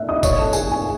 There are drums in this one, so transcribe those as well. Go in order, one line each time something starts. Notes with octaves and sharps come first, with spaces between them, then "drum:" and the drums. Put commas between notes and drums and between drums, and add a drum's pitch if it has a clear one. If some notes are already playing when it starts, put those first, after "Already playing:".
Already playing: E5 F#6
D#5 D#6
C#5 C#6, drum: kick G1, tambourine
A4 A5
G#4 G#5, drum: tambourine
G#5